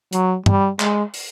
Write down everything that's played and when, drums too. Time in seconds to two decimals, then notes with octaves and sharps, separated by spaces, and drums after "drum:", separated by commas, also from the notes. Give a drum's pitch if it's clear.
0.13 F#3, drum: hi-hat
0.46 G3, drum: tom
0.80 G#3, drum: clap
1.14 drum: open hi-hat